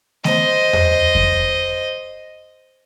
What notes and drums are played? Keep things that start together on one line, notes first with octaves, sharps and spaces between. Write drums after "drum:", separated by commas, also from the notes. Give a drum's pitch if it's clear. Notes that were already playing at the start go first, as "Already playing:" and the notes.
C5 D#5, drum: snare A3
drum: tom E2
drum: kick F2